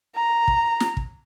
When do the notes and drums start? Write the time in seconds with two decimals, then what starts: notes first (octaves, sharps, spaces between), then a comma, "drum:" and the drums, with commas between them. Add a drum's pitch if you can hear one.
0.16 A#5
0.48 drum: kick
0.80 drum: snare
0.97 drum: kick